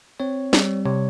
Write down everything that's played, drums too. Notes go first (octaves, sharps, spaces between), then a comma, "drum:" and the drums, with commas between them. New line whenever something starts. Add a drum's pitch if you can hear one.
C4 C#5
G3, drum: snare
C3 C#5